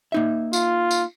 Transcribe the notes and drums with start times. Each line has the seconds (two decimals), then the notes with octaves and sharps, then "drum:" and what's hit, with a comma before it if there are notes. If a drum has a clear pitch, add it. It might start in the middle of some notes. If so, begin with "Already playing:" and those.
0.12 A#3 D#4 E5
0.53 F4, drum: tambourine
0.91 drum: tambourine